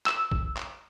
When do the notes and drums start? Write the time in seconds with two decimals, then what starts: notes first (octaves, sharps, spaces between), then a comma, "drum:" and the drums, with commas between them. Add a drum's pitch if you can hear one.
0.06 E6, drum: clap
0.31 drum: kick
0.57 drum: clap